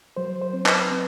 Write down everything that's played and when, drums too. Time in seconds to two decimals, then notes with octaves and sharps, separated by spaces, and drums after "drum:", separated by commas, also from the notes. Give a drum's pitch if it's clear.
0.17 F#3 C5
0.42 C5
0.54 C4
0.66 B4, drum: clap
0.91 C4